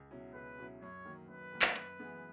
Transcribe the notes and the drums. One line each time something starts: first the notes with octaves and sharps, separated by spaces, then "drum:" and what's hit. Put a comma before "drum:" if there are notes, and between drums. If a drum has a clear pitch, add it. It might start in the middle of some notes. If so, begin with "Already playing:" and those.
Already playing: C#2
B2 F#3 C#4 E4
C#2 B4
B2 F#3 C#4 E4
F#2 C#5
D#3 F#3 A#3
F#2 B4
D#3 F#3 A#3
drum: clap
F#2, drum: hi-hat
E3 G#3 B3